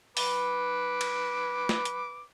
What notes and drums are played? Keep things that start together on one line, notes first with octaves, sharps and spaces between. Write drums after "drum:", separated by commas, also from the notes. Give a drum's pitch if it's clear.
B4 D6, drum: open hi-hat
drum: cymbal
drum: snare
drum: hi-hat